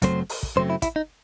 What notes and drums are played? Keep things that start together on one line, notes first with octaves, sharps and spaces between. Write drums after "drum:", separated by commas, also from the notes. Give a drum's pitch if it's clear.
F#2 C#3 F#3 A3 C4 C5, drum: kick, hi-hat
drum: open hi-hat
drum: kick
F#2 C#3 F#3 A3 C4 C5
E4
E4, drum: kick, hi-hat
D#4